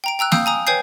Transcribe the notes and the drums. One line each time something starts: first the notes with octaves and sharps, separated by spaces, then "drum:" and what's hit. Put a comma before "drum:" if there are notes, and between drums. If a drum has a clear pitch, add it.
G5 A#5 D7
G5 A#5 E6 F#6
F5 G5 D#6 E6 G6, drum: snare A#3
G#5 A#5 D#6
B4 C#5 G5 G#5 G6 C7